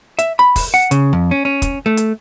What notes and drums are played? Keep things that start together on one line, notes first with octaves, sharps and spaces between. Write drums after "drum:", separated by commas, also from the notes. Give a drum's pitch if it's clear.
E5, drum: hi-hat
B5
drum: kick, open hi-hat
F#5
C#3, drum: hi-hat
F2
C#4
C#4
drum: kick, hi-hat
A3
drum: hi-hat